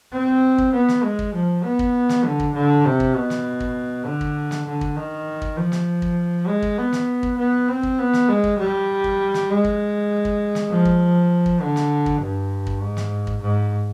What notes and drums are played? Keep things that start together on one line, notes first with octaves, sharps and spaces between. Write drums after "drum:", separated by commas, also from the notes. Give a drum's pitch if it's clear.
C4
drum: kick
B3
drum: snare
G#3
drum: kick
F3
B3
drum: kick
drum: snare
D3
drum: kick
D3
C3
drum: kick
B2
drum: snare
drum: kick
D3
drum: kick
drum: snare
D3
drum: kick
D#3
drum: kick
F3
drum: snare
drum: kick
G#3
drum: kick
B3
drum: snare
drum: kick
B3
C4
drum: kick
B3
drum: snare
G#3
drum: kick
G3
drum: kick
drum: snare
G#3
drum: kick
drum: kick
drum: snare
F3
drum: kick
drum: kick
D3
drum: snare
drum: kick
G2
drum: kick
G#2
drum: snare
drum: kick
G#2